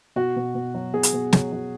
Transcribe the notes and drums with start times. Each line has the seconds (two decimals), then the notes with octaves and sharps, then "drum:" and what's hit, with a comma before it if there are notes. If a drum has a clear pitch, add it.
0.16 B2 F#4
0.36 B2
0.55 B2
0.74 F#3
0.94 B2 G#4
1.03 drum: hi-hat
1.13 B2
1.33 F#3, drum: snare
1.52 F#3